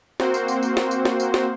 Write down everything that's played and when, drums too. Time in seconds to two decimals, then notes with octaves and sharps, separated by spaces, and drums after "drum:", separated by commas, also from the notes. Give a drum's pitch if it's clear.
0.20 A#3 C4 F#4 C5, drum: snare
0.34 drum: tambourine
0.48 drum: tambourine
0.63 drum: tambourine
0.77 drum: snare
0.91 drum: tambourine
1.05 drum: snare
1.20 drum: tambourine
1.34 drum: snare